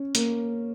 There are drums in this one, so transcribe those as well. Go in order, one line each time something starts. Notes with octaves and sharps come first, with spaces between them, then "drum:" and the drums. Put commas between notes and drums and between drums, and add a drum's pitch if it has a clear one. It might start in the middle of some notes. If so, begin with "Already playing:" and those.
Already playing: C#4
A#3, drum: hi-hat